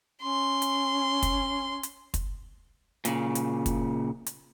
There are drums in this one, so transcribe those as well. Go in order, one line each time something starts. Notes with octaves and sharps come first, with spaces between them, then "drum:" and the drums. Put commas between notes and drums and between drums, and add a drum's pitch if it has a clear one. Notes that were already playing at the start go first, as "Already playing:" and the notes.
C#4 C6
drum: hi-hat
drum: kick, hi-hat
drum: hi-hat
drum: kick, hi-hat
A#2 C#3, drum: hi-hat
drum: hi-hat
drum: kick, hi-hat
drum: hi-hat